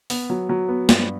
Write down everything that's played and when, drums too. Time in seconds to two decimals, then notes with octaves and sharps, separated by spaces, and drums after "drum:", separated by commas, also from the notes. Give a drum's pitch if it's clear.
0.10 B3, drum: open hi-hat
0.30 F#3
0.49 F#3
0.69 B3
0.89 G2, drum: snare